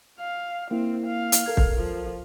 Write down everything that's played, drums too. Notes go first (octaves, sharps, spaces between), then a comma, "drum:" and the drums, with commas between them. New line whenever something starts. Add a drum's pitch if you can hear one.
F5
A#3 C4 E4
F5
drum: hi-hat
A4 A#4 G#6
drum: kick
F3